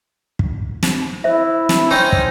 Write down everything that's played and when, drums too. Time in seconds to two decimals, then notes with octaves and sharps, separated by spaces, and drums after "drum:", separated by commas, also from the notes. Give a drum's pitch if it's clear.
0.39 drum: kick
0.83 drum: snare
1.24 E4 C5 E5
1.69 drum: snare
1.91 C4 C#4 D#4
2.12 drum: kick